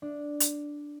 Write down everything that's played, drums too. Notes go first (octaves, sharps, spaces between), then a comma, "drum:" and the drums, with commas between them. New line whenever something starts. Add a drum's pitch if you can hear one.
D4
drum: hi-hat